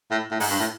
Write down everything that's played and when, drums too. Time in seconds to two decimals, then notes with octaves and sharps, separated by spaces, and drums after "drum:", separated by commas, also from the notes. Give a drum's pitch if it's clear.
0.11 A2
0.31 A2
0.40 G#2, drum: open hi-hat
0.50 G2
0.60 A2